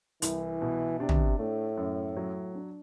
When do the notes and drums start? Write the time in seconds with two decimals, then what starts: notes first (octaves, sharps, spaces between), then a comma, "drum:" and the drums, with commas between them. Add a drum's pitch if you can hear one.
0.22 C2 E3, drum: hi-hat
0.62 B2
1.00 C3 D4
1.09 drum: tom
1.39 A2 A3
1.77 F#2
2.17 F#3
2.55 D4